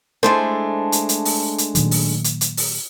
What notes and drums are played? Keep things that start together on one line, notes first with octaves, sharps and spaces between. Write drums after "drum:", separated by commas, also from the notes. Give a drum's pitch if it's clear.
G#3 A3 D4 E4 A4 C5
drum: hi-hat
drum: hi-hat
drum: open hi-hat
drum: hi-hat
A#2 D#3 F#3, drum: hi-hat
drum: open hi-hat
drum: hi-hat
drum: hi-hat
drum: open hi-hat